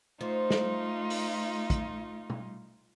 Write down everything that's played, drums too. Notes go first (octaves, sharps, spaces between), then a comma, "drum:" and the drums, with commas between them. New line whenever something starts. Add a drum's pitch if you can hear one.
F3 A3 D#4 F4
drum: snare
drum: open hi-hat
drum: kick, hi-hat
drum: tom